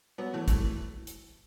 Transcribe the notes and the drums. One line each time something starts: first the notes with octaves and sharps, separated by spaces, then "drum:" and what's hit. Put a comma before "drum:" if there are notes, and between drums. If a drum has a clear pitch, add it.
F#3 B3
E3 A3
E3 A3, drum: kick, hi-hat
drum: hi-hat